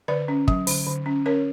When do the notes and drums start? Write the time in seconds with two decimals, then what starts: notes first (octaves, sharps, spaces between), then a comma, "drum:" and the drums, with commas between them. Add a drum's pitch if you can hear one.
0.08 D3 B4 D5
0.28 C#4
0.48 F#3, drum: kick
0.67 D3, drum: open hi-hat
0.86 D3
1.06 C#4
1.26 C#4 A#4 C#5